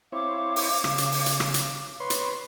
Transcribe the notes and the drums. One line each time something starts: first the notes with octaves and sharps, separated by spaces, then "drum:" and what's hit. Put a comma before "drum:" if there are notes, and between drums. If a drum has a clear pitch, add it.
C4 E4 C#5 F5 D6
drum: open hi-hat
C#3, drum: rim click
drum: hi-hat
drum: open hi-hat
drum: hi-hat
drum: rim click
drum: hi-hat
B4 C#5 C6
drum: hi-hat